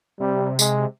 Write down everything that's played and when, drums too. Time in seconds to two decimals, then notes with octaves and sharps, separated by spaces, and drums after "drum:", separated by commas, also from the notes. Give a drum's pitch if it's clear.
0.20 C3 G3
0.59 G#3, drum: tambourine